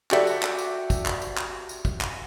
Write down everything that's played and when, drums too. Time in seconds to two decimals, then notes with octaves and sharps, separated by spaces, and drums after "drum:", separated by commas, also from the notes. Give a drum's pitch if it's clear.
0.11 F#4 G4 A4 D5 E5, drum: clap
0.27 drum: tambourine
0.43 drum: clap
0.58 drum: tambourine
0.90 drum: kick, tambourine
1.06 drum: clap
1.22 drum: tambourine
1.37 drum: clap
1.69 drum: tambourine
1.85 drum: kick, tambourine
2.01 drum: clap